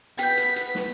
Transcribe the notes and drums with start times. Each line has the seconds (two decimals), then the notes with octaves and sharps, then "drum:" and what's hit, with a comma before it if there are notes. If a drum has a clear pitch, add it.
0.19 B3 B4 G5 G6 B6, drum: hi-hat
0.37 drum: hi-hat
0.56 drum: hi-hat
0.75 drum: snare